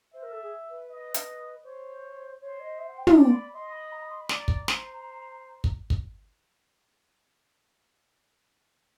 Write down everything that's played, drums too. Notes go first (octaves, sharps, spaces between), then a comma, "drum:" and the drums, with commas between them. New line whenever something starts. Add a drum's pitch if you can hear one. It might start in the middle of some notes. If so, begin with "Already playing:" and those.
C5 E5
A#4
A4
G#4
B4
D#5
drum: hi-hat
C5 C#5
C5 C#5
D#5
E5
F#5
G5
G#5, drum: tom
D5 A5
C6
B5
D#5 C6
B5
A#5
B5
C6
B5
D5 A#5, drum: snare
drum: kick
C5, drum: snare
drum: kick
drum: kick